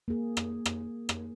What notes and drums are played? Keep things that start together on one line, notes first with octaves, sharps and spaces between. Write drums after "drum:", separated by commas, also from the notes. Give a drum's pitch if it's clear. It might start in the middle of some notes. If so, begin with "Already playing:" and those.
A#3 G#4
drum: rim click
drum: rim click
drum: rim click